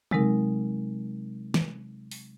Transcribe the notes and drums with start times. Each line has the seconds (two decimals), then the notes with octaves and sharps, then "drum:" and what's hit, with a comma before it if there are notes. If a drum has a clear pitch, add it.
0.11 C3 F#3 G#3 C4 D#4 A#4, drum: tom C3
1.54 drum: snare
2.11 drum: open hi-hat